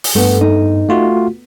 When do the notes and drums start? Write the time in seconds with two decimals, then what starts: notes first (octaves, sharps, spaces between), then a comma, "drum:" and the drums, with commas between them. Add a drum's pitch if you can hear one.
0.04 drum: open hi-hat
0.15 G2 A3 B3
0.41 D#4
0.89 A3 F4 F#4